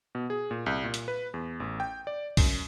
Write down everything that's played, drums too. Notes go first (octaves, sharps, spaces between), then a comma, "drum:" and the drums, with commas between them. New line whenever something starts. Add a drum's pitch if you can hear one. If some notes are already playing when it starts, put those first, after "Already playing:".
B2
G#4
A#2
C2
A#2
drum: hi-hat
B4
E2
A1
G5
D5
F#2, drum: kick, open hi-hat